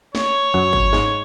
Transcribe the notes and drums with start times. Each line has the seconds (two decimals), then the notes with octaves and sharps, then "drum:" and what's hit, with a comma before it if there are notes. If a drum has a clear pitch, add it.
0.15 C#5, drum: snare
0.54 F#2 F#3
0.73 drum: kick G#1
0.93 G#2 G#3, drum: snare